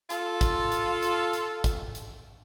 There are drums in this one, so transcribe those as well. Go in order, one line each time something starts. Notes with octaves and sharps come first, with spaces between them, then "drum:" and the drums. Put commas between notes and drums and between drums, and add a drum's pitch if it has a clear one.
F4 A4, drum: hi-hat
drum: kick, hi-hat
drum: hi-hat
drum: hi-hat
drum: hi-hat
drum: kick, hi-hat
drum: hi-hat